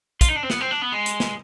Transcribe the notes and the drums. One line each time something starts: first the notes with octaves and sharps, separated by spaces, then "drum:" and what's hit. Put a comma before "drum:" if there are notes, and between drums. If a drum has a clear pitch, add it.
F4, drum: kick, hi-hat
D#4
D4
C4
B3, drum: snare
C4
D4
B3
G#3
drum: hi-hat
drum: snare